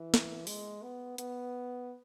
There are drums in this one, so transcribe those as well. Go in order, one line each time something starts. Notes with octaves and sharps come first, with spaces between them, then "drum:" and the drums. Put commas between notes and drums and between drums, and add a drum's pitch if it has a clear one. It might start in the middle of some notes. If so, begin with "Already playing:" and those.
Already playing: E3
drum: snare
G#3, drum: open hi-hat
B3
B3, drum: hi-hat